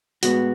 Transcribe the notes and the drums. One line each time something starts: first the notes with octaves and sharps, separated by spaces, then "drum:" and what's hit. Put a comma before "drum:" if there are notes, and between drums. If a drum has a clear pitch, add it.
A2 G#3 B3 F#4, drum: hi-hat